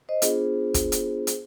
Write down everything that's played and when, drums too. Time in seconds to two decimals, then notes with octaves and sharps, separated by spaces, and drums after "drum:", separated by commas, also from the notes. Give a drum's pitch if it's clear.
0.09 C5 D#5
0.22 B3 D4 F4 G#4 C5, drum: hi-hat
0.74 drum: kick, hi-hat
0.92 drum: hi-hat
1.27 drum: hi-hat